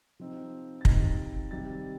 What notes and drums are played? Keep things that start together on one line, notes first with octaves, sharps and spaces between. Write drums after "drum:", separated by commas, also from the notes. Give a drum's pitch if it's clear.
C3 F3 C4 D#4
A6
C3 F3 C4 D#4 A#6, drum: kick
C3 D#3 G3 A6